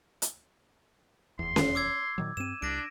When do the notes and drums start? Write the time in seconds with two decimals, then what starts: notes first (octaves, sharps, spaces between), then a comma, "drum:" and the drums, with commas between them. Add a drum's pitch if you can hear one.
0.22 drum: hi-hat
1.39 F1 E2 C6
1.56 drum: snare C#4
1.75 D6 E6 G#6
2.18 A#2 D#3 F#3
2.37 G2 C4 D#7 E7
2.62 C2 D4 A#6 D7